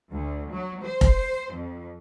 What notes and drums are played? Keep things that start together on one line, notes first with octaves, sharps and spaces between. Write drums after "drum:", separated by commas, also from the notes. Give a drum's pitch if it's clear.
D2
F#3
C5
drum: kick F1
F2